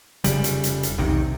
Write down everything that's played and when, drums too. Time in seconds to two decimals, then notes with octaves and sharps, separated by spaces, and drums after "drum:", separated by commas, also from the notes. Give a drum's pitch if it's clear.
0.24 F1 C#3 G3, drum: hi-hat
0.44 drum: hi-hat
0.64 drum: hi-hat
0.83 drum: hi-hat
0.98 B1 E2 C3 D#3